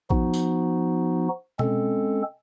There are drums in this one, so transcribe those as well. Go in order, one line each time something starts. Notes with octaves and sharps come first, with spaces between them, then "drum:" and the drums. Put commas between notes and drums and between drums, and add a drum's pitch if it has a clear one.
F3 B3 D#4 F#4, drum: kick A#1
drum: tambourine
G#3 C4 C#4 A4, drum: tom B2